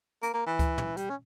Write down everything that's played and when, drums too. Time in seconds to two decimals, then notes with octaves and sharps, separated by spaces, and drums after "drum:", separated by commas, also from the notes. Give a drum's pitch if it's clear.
0.23 A#3, drum: hi-hat
0.34 A#3
0.47 E3
0.59 drum: kick C#2, hi-hat
0.78 drum: tom
0.97 G3, drum: hi-hat
1.10 C#4